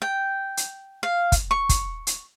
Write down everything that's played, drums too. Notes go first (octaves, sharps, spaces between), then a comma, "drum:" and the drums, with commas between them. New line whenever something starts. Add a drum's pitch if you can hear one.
G5
drum: hi-hat
F5
drum: kick, hi-hat
C#6
drum: kick, hi-hat
drum: hi-hat